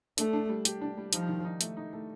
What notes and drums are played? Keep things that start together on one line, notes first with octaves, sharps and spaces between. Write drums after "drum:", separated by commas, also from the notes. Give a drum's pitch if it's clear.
A3 D4, drum: hi-hat
D4
G3
G4, drum: hi-hat
D4
G3
F3 D#4, drum: hi-hat
D#3
D#4
A3, drum: hi-hat
D#4
A3